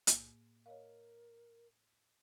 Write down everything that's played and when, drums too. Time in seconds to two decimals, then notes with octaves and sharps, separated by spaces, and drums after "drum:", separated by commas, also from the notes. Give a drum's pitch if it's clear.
0.07 A2 A#3, drum: hi-hat
0.66 A#4 C#5 D#5 F5